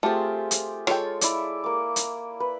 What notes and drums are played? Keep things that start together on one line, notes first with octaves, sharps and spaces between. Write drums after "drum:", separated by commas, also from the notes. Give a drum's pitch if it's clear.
A3 C4 F4 G4 G#4
drum: hi-hat
G#3 F4 A4 C#5 G5, drum: rim click
E4 D5, drum: hi-hat
A#3 D6
drum: hi-hat
B4